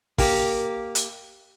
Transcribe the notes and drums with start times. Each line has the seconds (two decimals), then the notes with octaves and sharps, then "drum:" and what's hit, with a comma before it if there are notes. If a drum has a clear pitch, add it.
0.18 A#3 G4, drum: kick, open hi-hat
0.95 drum: hi-hat